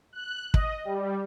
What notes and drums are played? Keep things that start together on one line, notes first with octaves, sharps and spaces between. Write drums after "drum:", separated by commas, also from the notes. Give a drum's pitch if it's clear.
F#6
D#5, drum: kick
G3